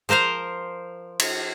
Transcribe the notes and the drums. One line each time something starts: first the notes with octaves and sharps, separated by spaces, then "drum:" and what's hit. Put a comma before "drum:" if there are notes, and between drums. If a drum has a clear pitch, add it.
F3 A#4 C5 F5 A#5
drum: cymbal